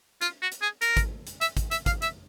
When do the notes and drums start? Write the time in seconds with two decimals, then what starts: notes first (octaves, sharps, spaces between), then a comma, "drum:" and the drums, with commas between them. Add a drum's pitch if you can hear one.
0.21 F4, drum: hi-hat
0.42 F#4
0.52 drum: hi-hat
0.62 G#4
0.82 A#4, drum: hi-hat
0.97 drum: kick G#1, hi-hat
1.27 drum: hi-hat
1.41 E5, drum: hi-hat
1.57 drum: kick G#1, hi-hat
1.71 E5, drum: hi-hat
1.86 F5, drum: kick G#1, hi-hat
2.02 E5, drum: hi-hat